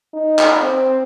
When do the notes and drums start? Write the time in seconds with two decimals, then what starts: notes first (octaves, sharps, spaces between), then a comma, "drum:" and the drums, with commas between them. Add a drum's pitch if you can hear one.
0.14 D#4
0.39 drum: clap
0.62 C4